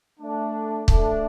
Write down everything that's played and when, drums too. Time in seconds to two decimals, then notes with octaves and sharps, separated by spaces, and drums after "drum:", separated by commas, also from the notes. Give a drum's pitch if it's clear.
0.20 A3 D4
0.88 A3 D4, drum: kick